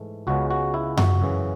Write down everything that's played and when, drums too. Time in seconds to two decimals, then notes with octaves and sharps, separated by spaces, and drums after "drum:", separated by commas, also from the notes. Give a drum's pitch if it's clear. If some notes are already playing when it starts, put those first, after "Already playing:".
Already playing: G#2 E3 A3
0.27 C#2 C#3 G#3 B3 F#4
0.50 F#4
0.74 E4
0.97 F#4, drum: tom F#2
1.22 F#2 C#3 E3